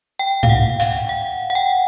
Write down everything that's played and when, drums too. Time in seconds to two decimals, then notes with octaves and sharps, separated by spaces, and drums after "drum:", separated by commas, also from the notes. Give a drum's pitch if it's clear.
0.19 G5
0.43 F5, drum: tom G#2
0.49 F#5
0.80 F5, drum: open hi-hat
1.09 F#5
1.50 F#5
1.55 G5